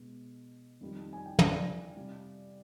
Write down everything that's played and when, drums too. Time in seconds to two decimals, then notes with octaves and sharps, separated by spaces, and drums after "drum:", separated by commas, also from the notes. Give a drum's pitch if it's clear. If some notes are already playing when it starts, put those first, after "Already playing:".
Already playing: B2 G#3
0.81 F2 D#3 G3
1.13 G#5
1.26 G5
1.39 D5 F5, drum: tom
1.96 C3 G3